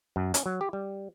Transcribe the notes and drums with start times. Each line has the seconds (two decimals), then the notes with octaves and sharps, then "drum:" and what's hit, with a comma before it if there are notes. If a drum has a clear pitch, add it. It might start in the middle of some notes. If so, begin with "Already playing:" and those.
0.16 F#2
0.34 C#4, drum: hi-hat
0.46 F#3
0.61 G4
0.73 G3